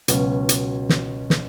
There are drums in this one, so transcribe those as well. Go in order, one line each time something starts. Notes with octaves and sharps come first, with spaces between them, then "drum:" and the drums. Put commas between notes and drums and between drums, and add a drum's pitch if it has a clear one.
C#2 B2 F#3 C#4, drum: hi-hat
drum: hi-hat
drum: snare
drum: snare